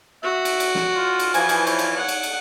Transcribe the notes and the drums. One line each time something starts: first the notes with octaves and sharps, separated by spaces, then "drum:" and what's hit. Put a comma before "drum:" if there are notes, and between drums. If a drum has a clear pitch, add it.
F#4 E5
drum: cymbal
drum: cymbal
drum: snare
F4
drum: cymbal
E3 F3 G#5, drum: cymbal
drum: cymbal
C#5, drum: cymbal
drum: cymbal
F#5
drum: cymbal
drum: cymbal